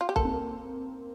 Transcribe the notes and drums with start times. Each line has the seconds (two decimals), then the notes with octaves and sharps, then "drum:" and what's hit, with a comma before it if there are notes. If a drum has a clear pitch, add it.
0.01 F4
0.09 G4
0.16 A#3 A4, drum: kick
0.25 C4
0.33 A#3